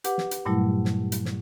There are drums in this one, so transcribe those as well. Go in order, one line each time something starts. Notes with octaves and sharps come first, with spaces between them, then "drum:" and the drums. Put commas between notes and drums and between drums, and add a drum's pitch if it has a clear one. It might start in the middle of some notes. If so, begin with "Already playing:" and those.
G4 B4 F#5 D6, drum: hi-hat
drum: snare
drum: hi-hat
G2 A#2 F#3 G3 A3 E4
drum: snare
drum: hi-hat
drum: snare